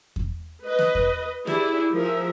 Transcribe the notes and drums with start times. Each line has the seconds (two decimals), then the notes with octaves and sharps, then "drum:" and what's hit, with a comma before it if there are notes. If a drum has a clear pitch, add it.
0.16 drum: kick E2
0.66 B4 D#5
0.79 drum: snare
0.95 drum: kick E2
1.47 E4 G4 G#4 D5, drum: snare
1.92 F3 G#4 A#4 E5